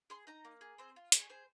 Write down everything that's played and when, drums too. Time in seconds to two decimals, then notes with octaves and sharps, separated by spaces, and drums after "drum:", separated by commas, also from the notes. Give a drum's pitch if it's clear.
0.10 G#4 C6
0.27 D#4 A#5
0.45 A#3
0.61 G#4
0.78 C4 C5
0.96 F4
1.12 G#4 G#5, drum: hi-hat
1.29 G#4 C5